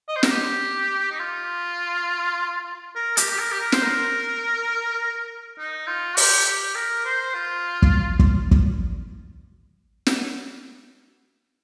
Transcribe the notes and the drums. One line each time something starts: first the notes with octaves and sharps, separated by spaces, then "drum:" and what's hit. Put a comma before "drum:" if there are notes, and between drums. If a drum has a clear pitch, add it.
D#5
C5
A#4, drum: snare
G4
D#4
F4
A#4
G4, drum: hi-hat
G4
A#4
G4
A#4
C5, drum: snare
A#4
D#4
F4
G4, drum: open hi-hat
G4
A#4
C5
F4
drum: kick
drum: kick
drum: kick
drum: snare